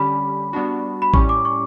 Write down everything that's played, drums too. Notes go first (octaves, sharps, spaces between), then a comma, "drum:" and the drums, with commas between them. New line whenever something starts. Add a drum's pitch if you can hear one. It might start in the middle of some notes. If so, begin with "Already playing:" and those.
Already playing: D3 G3 C#4 G4 B5
G3 B3 D4 F#4
B5
A2 G3 C#4 G4 C#6, drum: kick A1
D6
C#6